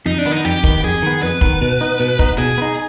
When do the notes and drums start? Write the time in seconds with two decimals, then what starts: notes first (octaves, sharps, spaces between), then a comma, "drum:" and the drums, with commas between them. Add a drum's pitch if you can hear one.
0.06 F2 D#4
0.18 D4
0.25 D#3 B3
0.31 D#4
0.45 F2 G4
0.64 D#3 B3, drum: kick
0.84 F2 G#4
1.02 D#3 B3
1.22 F2 B4
1.41 D#3 B3, drum: kick
1.61 B2
1.81 B3 D#4
2.00 B2
2.19 B3 D#4, drum: kick
2.38 B2 G#4
2.58 B3
2.62 D#4